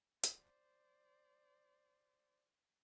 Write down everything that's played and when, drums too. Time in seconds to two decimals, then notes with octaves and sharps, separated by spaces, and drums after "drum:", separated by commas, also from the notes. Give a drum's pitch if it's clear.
0.23 C5 D5, drum: hi-hat